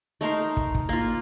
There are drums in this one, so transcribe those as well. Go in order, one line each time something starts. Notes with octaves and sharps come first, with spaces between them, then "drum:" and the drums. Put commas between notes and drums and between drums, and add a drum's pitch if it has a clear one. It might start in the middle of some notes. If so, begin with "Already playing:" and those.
A3 D#4 A#4 C5
drum: kick
drum: kick
A#3 F4